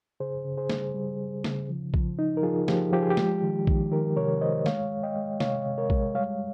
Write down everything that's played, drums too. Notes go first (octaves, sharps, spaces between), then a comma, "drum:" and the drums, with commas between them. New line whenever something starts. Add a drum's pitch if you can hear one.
C#3 G#4 C5
C#3
G#4 C5
G3, drum: snare
G3
G3
C#3, drum: snare
F3
F3, drum: kick
D#4
A#4
F3 F4 G#4
F3 G4, drum: snare
F3 G4
G#4
G4
G#3, drum: snare
D#3
D#3, drum: kick
D#3 G4 A#4
C3 A#4 C#5
D#3 C5 D#5
G#3 C#5 F5, drum: snare
G#3
D#5 G5
G#3
C3 C#5 F5, drum: snare
C3
A#4 C#5
G#3, drum: kick
G3 C#5 F5